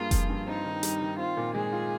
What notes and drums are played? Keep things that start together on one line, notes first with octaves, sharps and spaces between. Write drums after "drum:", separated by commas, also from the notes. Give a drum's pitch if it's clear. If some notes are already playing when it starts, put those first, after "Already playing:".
Already playing: G2 A#3 F4 G#4
F3, drum: kick F1, hi-hat
G2
C4 D#4
D#3
G3, drum: hi-hat
D#3
C4 F4
A#2
G#3 G#4
F4